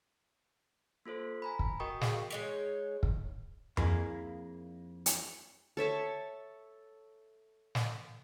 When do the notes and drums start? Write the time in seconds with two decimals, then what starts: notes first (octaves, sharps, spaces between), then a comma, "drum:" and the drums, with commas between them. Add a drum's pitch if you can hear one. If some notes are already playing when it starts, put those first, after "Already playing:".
1.06 A#3 F4 A4 C5
1.42 G#5 A#5 B5
1.59 drum: kick
1.80 F#4 A#4 D#5 G5 C#6 D#6
2.01 G#4 F5 G5 C7, drum: snare
2.30 G#3 D#4 C#5
3.03 drum: kick
3.77 F2 A#3 E4 G#4, drum: tom F2
5.06 drum: hi-hat
5.77 A4 C#5 E5 A5
7.75 drum: snare